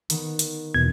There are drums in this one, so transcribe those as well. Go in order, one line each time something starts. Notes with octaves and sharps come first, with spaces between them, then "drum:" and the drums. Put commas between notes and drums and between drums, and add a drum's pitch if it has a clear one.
D#3 B3, drum: hi-hat
drum: hi-hat
E2 B2 G#6